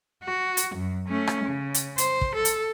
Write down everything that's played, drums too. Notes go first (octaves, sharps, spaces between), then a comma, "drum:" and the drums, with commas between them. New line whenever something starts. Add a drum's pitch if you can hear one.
F#4
drum: hi-hat
F#2
A3 C#4
drum: rim click
C#3
drum: hi-hat
C5, drum: hi-hat
drum: kick
A4
drum: hi-hat